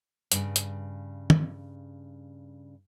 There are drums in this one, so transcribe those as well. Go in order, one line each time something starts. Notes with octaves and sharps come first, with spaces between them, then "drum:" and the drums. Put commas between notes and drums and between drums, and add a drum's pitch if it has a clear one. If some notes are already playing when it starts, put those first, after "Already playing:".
G2 C#3, drum: hi-hat
drum: hi-hat
drum: tom